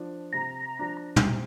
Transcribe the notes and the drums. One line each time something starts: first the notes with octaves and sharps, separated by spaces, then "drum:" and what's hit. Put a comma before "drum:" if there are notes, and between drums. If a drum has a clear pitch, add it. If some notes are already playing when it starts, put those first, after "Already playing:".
Already playing: F3 D4
C3 A#5
F3 D4
drum: tom
C3